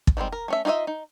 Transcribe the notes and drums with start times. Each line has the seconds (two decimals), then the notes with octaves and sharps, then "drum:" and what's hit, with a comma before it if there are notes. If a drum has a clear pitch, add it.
0.07 drum: kick
0.17 D#3 G3 G#3 C4
0.32 A#4
0.48 A3 C#4 E5
0.65 D#4 F4 G#4 D#5 E5
0.87 D#4